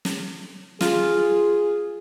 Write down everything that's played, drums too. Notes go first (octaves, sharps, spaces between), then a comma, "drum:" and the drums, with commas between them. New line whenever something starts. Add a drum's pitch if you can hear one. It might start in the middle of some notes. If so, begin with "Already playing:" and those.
drum: snare
F4 G#4, drum: snare